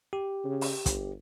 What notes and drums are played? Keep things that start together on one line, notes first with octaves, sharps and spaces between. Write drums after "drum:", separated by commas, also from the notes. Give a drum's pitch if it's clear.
G4
C#3
drum: open hi-hat
G1, drum: kick, hi-hat